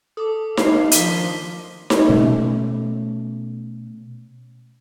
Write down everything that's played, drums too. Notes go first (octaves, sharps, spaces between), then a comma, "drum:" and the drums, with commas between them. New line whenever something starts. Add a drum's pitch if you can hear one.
A4 D6 D#6
D4 F5, drum: snare D#4
D#3 F3 B6 G7, drum: hi-hat
drum: snare D#4
B2 A3 C#4